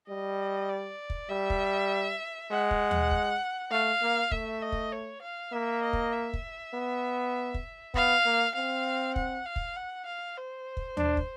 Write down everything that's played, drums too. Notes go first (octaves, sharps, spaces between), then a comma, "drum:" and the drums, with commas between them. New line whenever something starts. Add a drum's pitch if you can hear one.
G3 D#5
D5
drum: kick
G3 E5
drum: kick
G#3 F#5
drum: kick
drum: tom D#2
drum: kick
A3 F5
A#3
A3 E5, drum: kick
D#5
drum: kick
C#5
F5
A#3 E5
D#5
drum: kick
E5
drum: kick
B3
drum: kick
B3 F5, drum: kick
A#3
C4 F5
F#5, drum: kick
F5
drum: kick
F#5
F5
C5
drum: kick
D4, drum: tom D#2
drum: kick